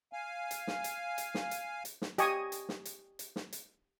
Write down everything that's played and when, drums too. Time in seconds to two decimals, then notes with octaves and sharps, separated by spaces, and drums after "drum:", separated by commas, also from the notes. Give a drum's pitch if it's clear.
0.13 F5 G#5
0.51 drum: hi-hat
0.67 drum: snare
0.84 drum: hi-hat
1.18 drum: hi-hat
1.34 drum: snare
1.51 drum: hi-hat
1.85 drum: hi-hat
2.02 drum: snare
2.18 G4 D#5 G#5 C#6 D#6, drum: hi-hat
2.52 drum: hi-hat
2.69 drum: snare
2.85 drum: hi-hat
3.19 drum: hi-hat
3.36 drum: snare
3.53 drum: hi-hat